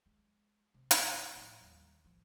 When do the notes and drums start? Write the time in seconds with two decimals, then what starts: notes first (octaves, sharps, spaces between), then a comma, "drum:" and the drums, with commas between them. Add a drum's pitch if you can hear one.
0.06 G#3
0.74 C3
0.91 drum: hi-hat
1.14 G2
1.35 A2 F3
1.61 D#2 G3
2.04 A1 F3